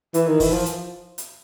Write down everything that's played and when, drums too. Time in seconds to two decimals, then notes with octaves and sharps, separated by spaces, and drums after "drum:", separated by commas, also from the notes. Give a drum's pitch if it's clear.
0.14 E3, drum: hi-hat
0.27 D#3
0.40 E3, drum: kick, open hi-hat
0.53 F3
0.66 drum: hi-hat
1.18 drum: hi-hat